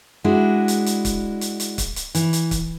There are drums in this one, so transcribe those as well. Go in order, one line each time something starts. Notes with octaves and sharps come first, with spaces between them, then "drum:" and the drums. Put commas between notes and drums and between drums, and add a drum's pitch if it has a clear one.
G#3 D4 E4 F#4
drum: hi-hat
drum: hi-hat
drum: kick, hi-hat
drum: hi-hat
drum: hi-hat
drum: kick, hi-hat
drum: hi-hat
E3, drum: hi-hat
drum: hi-hat
drum: kick, hi-hat